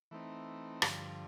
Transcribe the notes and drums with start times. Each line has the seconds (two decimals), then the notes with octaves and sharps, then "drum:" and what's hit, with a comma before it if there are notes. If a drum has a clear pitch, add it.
0.11 E3 A3 C4 D#4
0.82 G2 D3 F3, drum: rim click